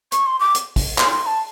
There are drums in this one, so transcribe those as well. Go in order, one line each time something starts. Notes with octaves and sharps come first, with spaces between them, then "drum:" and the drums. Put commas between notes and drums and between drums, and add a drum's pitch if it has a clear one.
C#6, drum: hi-hat
C6
D6
drum: hi-hat
drum: kick, open hi-hat
C6, drum: clap
C6
A5